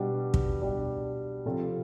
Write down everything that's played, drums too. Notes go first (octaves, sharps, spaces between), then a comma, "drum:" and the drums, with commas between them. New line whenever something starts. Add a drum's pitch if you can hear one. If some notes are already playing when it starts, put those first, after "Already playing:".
Already playing: B2 G3 D4
drum: kick
B2 G3 D4
C3 F3 C4 F4 A4